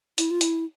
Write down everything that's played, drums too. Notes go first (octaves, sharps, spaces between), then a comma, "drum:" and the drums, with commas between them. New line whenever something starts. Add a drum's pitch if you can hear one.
E4, drum: hi-hat
F4
E4, drum: hi-hat